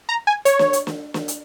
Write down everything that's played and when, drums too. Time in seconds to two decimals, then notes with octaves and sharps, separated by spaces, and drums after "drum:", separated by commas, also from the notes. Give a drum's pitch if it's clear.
0.09 A#5
0.27 G#5
0.45 C#5, drum: hi-hat
0.59 drum: snare
0.73 drum: hi-hat
0.87 drum: snare
1.14 drum: snare
1.28 drum: hi-hat